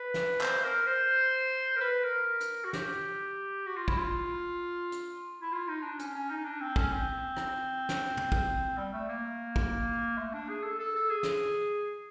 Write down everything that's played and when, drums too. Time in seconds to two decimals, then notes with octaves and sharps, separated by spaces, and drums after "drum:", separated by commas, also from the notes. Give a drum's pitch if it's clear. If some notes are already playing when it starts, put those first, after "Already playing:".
Already playing: B4
0.14 drum: snare
0.41 C5, drum: clap
0.64 A#4
0.87 C5
1.76 A#4
1.81 B4
2.04 A#4
2.40 drum: hi-hat
2.64 F#4
2.73 G4, drum: snare
3.66 F#4
3.77 F4
3.88 E4, drum: kick
3.98 F4
4.92 drum: hi-hat
5.42 E4
5.53 F4
5.68 D#4
5.83 D4
5.99 C#4, drum: hi-hat
6.15 C#4
6.30 D#4
6.45 D4
6.61 C4
6.76 C#4, drum: kick
6.92 C4
7.37 drum: rim click
7.89 drum: snare
8.17 drum: tom
8.32 drum: kick
8.78 G3
8.93 A3
9.09 A#3
9.56 drum: kick
10.18 A3
10.33 D4
10.49 G#4
10.63 A4
10.79 A4
10.96 A4
11.10 G#4
11.23 drum: snare